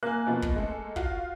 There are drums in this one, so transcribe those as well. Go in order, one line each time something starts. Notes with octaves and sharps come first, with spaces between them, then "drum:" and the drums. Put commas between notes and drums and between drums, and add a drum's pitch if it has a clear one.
A#3 G#5 F#6
B2 F3 B3
drum: kick
G#3 A3 A4
F4 F#4 F5, drum: kick